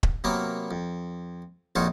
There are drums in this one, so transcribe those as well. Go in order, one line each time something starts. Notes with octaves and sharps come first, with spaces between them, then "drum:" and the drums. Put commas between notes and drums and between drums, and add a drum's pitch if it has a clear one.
drum: kick
C3 F#3 A#3 B3 A#4
F2
A#1 F2 D#4 F4 F#4 C#5